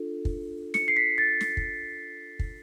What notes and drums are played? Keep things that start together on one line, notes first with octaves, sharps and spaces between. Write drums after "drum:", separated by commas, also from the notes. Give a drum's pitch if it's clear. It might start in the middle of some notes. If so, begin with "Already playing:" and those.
Already playing: D4 F4 A4
drum: kick
C#7, drum: snare
C7
B6
A6
drum: snare
drum: kick
drum: kick